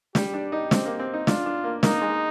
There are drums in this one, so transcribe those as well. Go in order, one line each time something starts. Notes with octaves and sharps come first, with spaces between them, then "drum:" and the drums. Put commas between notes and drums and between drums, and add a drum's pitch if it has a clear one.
G3 G4, drum: snare
D4
D#4
C4, drum: snare
A#3
C4
D#4
D4 F4, drum: snare
D4
A#3
A#3 D#4, drum: snare
G#3